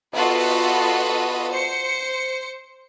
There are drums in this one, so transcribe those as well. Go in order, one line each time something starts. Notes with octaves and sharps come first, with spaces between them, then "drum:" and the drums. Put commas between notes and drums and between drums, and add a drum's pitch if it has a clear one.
B3 F4 F#4 A4 B4 D#5, drum: cymbal
drum: open hi-hat
C5 C#7